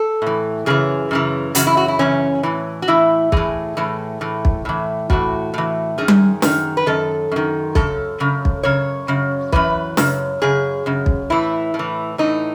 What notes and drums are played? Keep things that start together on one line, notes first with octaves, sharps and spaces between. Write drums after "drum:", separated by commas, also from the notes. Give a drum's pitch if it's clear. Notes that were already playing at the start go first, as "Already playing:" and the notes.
Already playing: A4
A2 E3
F#2 C#3 E3 G#4
F#2 C#3 E3
F#2 C#3 E3 F#4, drum: hi-hat
E4
F#4
E4
F#2 C#3 E3 C#4
A2 E3
F#4
A2 E3 E4
A2 E3 G#4, drum: kick
A2 E3
A2 E3
drum: kick
A2 E3
A2 E3 F#4, drum: kick
A2 E3
F#2 D#3 G#4
drum: tom G3
F#2 D#3, drum: snare
B4
F#2 D#3 A4
F#2 D#3
F#2 C#3 A4, drum: kick
F#2 C#3
drum: kick
F#2 C#3 C#5
F#2 C#3
F#2 C#3 E3 B4, drum: kick
F#2 C#3, drum: snare
F#2 C#3 G#4
F#2 C#3
drum: kick
A2 E3 E4
A2
E3
A2 E3 D#4